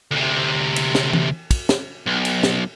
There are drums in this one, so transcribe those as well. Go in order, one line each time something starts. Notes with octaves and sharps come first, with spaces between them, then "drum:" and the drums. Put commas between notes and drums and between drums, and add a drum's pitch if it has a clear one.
D2 C3
drum: cymbal
drum: snare
drum: tom E3
drum: kick, cymbal
drum: snare
B1
drum: cymbal
drum: snare